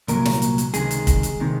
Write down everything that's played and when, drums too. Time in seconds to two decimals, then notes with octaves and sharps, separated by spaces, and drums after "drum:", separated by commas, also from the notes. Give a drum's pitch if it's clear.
0.08 C2 A#2 F#3 A#4, drum: hi-hat
0.25 drum: snare
0.42 drum: hi-hat
0.58 drum: hi-hat
0.74 C#2 C3 D#3 G#3 G#4, drum: hi-hat
0.91 drum: hi-hat
1.07 drum: kick, hi-hat
1.23 drum: hi-hat
1.40 C3 D#3 G#3